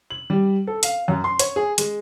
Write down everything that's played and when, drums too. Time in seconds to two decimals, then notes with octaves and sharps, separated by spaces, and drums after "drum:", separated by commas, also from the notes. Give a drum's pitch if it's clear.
0.10 F#7
0.30 G3
0.67 A4
0.83 F5, drum: hi-hat
1.08 F#2
1.24 C6
1.39 C#5, drum: hi-hat
1.56 G#4
1.78 G#3, drum: hi-hat